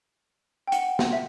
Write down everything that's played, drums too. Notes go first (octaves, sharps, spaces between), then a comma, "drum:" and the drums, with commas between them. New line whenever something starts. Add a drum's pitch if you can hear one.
G5
F#5, drum: hi-hat
drum: snare
E5